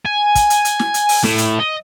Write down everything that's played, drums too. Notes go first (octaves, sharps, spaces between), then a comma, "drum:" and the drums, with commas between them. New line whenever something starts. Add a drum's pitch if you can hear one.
G#5
drum: kick, hi-hat
drum: hi-hat
drum: hi-hat
drum: snare
drum: hi-hat
drum: open hi-hat
A2, drum: snare
drum: hi-hat
D#5